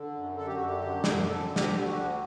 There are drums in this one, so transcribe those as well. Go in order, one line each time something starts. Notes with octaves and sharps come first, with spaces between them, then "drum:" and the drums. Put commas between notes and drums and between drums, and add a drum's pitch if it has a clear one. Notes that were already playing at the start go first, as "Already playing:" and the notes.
Already playing: D3
F#2
D3 A4
G4
F#2 F#4
G4
D3
F#2, drum: snare
D3 A4
D2
G4, drum: snare
D3
F#4
D2